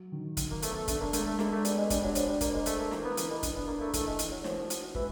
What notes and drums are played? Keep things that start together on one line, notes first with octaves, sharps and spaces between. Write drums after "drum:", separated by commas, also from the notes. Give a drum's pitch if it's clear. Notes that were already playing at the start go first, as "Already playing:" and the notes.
Already playing: F#3
D#3
D#3, drum: kick, hi-hat
A#3
A3 B3, drum: hi-hat
A3
A3 D4, drum: kick, hi-hat
A#3
G#3 A3, drum: hi-hat
A3
G#3 A#3, drum: snare
A3
G3 B3, drum: hi-hat
G#3
G3 D4, drum: kick, hi-hat
F#3
F3 D4, drum: hi-hat
G3
A#3 C5, drum: kick, hi-hat
G#3
A3 C5, drum: hi-hat
A#3
E3 A#3, drum: snare
B3
E3 A#3, drum: hi-hat
G#3
D4, drum: kick, hi-hat
B3
A#3 D4
A3
E3 A3, drum: kick, hi-hat
G#3
E3, drum: hi-hat
F#3
E3 F3, drum: snare
F#4, drum: hi-hat
E3 G#3, drum: kick